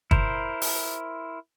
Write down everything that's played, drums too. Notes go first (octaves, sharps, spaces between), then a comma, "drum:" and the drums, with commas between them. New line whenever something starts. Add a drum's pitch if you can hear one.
E4 A#4 C5, drum: kick
drum: open hi-hat